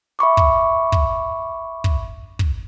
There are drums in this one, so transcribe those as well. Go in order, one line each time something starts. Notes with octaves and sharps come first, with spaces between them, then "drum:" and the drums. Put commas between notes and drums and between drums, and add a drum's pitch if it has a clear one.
E5 B5 C#6 D6
drum: kick
drum: kick
drum: kick
drum: kick